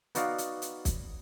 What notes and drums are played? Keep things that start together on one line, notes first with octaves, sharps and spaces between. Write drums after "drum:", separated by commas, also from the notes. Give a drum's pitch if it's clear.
B3 D#4 F#4 D5 F5, drum: hi-hat
drum: hi-hat
drum: hi-hat
drum: kick, hi-hat